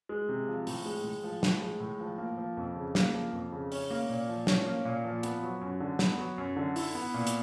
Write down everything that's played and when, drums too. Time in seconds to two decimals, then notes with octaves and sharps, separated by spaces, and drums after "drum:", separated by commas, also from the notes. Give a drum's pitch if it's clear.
0.09 G#3
0.29 C3
0.48 F3
0.67 A2, drum: open hi-hat
0.86 G#3
1.04 A2
1.23 F3
1.43 A2, drum: snare
1.61 G#3
1.81 A2
2.00 F3
2.18 A#3
2.38 F3
2.57 F2
2.76 C#3
2.95 A#3, drum: snare
3.14 F3
3.33 F2
3.52 C#3
3.72 C#4, drum: open hi-hat
3.91 A#3
4.09 A#2
4.29 F3
4.47 C#4, drum: snare
4.67 A#3
4.85 A#2
5.04 F3
5.23 B3, drum: hi-hat
5.43 F#3
5.61 F#2
5.80 D3
5.99 B3, drum: snare
6.18 F#3
6.38 F#2
6.56 D3
6.76 E4, drum: open hi-hat
6.95 B3
7.14 A#2
7.27 drum: hi-hat